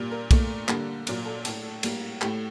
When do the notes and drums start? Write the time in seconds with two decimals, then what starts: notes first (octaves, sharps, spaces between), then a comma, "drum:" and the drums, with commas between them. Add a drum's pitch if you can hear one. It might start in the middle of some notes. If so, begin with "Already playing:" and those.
Already playing: A#2 G3 A#3
0.11 A#4
0.31 A#2 A3, drum: kick B1, cymbal
0.68 D3 G3 A#3, drum: clap
1.07 A#2 F#3 A#3, drum: cymbal
1.26 A4
1.45 A2 A3 A4, drum: cymbal
1.83 A2 G3 A#3, drum: cymbal
2.21 A2 A3 G4, drum: clap